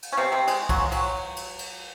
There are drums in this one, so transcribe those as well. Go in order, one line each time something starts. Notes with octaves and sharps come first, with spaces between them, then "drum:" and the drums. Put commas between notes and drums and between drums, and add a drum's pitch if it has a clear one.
drum: cymbal
C#4
C3 C4
C3 C4
G#3, drum: cymbal
F#3, drum: kick B1, cymbal
G#3
F#3, drum: cymbal
drum: cymbal
drum: cymbal